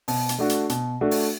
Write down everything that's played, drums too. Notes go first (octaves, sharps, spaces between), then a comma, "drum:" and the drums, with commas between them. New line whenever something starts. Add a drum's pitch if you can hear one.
B2, drum: open hi-hat
drum: hi-hat
A3 D4 F#4
drum: hi-hat
B2, drum: hi-hat
A3 D4 F#4
drum: open hi-hat